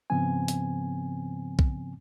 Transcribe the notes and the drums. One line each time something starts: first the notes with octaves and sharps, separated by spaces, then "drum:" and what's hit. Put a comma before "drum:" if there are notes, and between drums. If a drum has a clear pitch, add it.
G#2 C#3 F3 B3 C4 G#5
drum: hi-hat
drum: kick B1